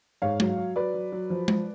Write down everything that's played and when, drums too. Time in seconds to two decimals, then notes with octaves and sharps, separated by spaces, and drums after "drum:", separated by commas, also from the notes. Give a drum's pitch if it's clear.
0.22 G#2 C#5 F5
0.40 F#3, drum: tom G#3
0.58 F#3
0.76 F#3 B4 D5
0.94 F#3
1.12 F#3
1.30 F3
1.48 F3, drum: tom G#3